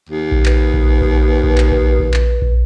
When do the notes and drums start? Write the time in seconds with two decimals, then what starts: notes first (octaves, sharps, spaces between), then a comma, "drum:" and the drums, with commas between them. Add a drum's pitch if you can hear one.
0.09 D#2
0.32 drum: kick A#1
0.46 B4, drum: clap
0.74 drum: kick A#1
1.02 drum: kick A#1
1.44 drum: kick A#1
1.58 drum: clap
1.72 drum: kick A#1
2.00 drum: kick A#1
2.14 drum: clap
2.42 drum: kick A#1